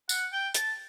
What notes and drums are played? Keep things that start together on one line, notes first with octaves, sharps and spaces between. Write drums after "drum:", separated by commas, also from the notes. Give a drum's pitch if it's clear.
F#5, drum: tambourine
G5
A5, drum: hi-hat